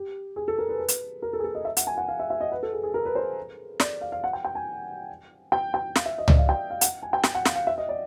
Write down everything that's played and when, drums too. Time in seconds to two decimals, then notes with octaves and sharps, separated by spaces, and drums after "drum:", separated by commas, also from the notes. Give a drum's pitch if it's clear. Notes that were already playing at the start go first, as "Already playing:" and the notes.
Already playing: G4
0.36 G#4
0.48 A4
0.58 A#4
0.69 B4
0.79 B4
0.88 drum: hi-hat
1.22 A#4
1.33 A4
1.39 G#4
1.44 A4
1.55 D#5
1.65 E5
1.77 F#5, drum: hi-hat
1.87 G#5
1.97 F#5
2.08 F5
2.19 E5
2.30 E5
2.41 D#5
2.52 B4
2.63 A4
2.73 G#4
2.83 G#4
2.94 A#4
3.05 B4
3.15 C5
3.80 D5, drum: snare
4.01 F5
4.12 F5
4.24 F#5
4.33 G5
4.45 G5
4.55 G#5
5.52 G5
5.74 G5
5.96 F5, drum: snare
6.06 E5
6.18 D#5
6.28 D5, drum: tom C#2
6.38 F5
6.49 G5
6.70 F5
6.81 F#5, drum: hi-hat
7.03 G#5
7.13 G5
7.24 G5, drum: snare
7.35 F#5
7.45 F5, drum: snare
7.56 F5
7.67 E5
7.78 D#5
7.89 D5